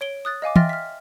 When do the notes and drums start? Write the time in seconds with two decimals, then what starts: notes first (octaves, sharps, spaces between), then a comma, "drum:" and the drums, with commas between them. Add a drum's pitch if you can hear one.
0.01 C#5 D7 G7
0.25 D#6 F#6 A6
0.42 D#5 F5 G#5 D6
0.56 E5 G5 C6 F6 A6 A#6, drum: tom
0.69 F6 B6